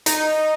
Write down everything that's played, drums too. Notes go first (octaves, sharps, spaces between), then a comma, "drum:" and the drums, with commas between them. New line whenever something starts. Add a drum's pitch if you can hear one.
D#4, drum: hi-hat